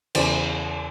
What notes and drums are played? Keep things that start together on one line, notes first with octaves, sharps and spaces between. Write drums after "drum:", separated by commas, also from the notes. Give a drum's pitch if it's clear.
E2 C#3 E3 C5 D5, drum: cymbal